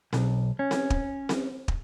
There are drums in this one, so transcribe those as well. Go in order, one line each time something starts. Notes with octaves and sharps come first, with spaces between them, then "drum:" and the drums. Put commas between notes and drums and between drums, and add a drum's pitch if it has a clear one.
B1, drum: snare C4
C#4
drum: snare C4
drum: kick
drum: snare C4
drum: kick